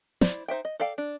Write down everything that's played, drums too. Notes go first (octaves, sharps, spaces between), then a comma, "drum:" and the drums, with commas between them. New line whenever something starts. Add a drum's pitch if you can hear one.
E4 C5 D5, drum: snare
D#4 C5 E5 G5
D#5
A4 D5 F5 G5
D4